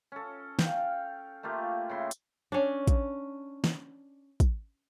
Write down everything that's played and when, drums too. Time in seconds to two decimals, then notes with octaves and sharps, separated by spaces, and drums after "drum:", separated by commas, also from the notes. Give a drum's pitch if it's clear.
0.12 C#4 A4
0.59 F5 G5, drum: snare
1.43 A3 A#3 F4 G4
1.89 C#3 E4 C6
2.11 drum: hi-hat
2.52 C#4 D4
2.87 drum: kick, hi-hat
3.64 drum: snare
4.40 drum: kick, hi-hat